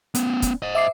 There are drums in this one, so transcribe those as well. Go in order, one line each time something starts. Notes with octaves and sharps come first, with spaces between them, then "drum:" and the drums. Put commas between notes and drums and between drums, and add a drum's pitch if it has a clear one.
B3 C#4, drum: hi-hat
drum: kick, hi-hat
C5 D#5
E5 D6 C7